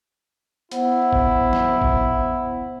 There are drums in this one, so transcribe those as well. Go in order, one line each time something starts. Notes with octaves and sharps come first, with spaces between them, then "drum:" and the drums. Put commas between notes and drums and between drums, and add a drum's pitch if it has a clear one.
B3 E4 C5 F#5, drum: hi-hat
drum: kick
drum: snare
drum: kick